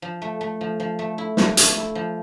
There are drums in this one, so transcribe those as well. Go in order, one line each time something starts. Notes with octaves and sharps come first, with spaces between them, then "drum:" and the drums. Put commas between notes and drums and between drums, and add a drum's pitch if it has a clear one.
F3
A3
A3
F3
F3
A3
E4
F3, drum: snare
A3, drum: hi-hat
E4
F3